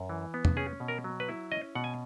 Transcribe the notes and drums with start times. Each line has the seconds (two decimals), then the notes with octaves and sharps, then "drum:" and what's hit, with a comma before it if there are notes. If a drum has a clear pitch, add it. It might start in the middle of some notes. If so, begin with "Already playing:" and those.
Already playing: F#2
0.10 E3
0.34 B3
0.45 drum: tom
0.57 C#4 G#4
0.80 B2
0.88 A#4
1.04 F#3
1.20 B4
1.28 E4
1.52 C#4 D#5
1.75 B2 F#5
1.84 G#5